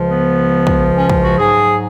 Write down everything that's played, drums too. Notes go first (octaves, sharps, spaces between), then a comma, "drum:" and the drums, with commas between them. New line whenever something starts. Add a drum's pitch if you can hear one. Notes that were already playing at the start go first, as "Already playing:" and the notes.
Already playing: C#2 C#3 F3
B3
drum: kick
C#4
drum: kick
F#4
G#2 F#3 G#4